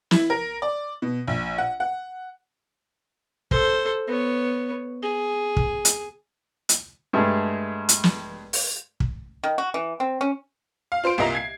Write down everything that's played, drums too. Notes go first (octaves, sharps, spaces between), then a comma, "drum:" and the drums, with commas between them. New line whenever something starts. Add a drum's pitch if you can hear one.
E4, drum: snare
A#4
D5
B2
A#1
F#5
F#5
A4 C5, drum: kick
B3 C#5
G#4
drum: kick
drum: hi-hat
drum: hi-hat
G2 G#3 A3
drum: hi-hat
drum: snare
drum: open hi-hat
drum: kick
D#3
F#4
E3
C4
C#4
F5
F4 C5 C6 D7
C2 A#2 A#3 D#5 A#5
G#6 C7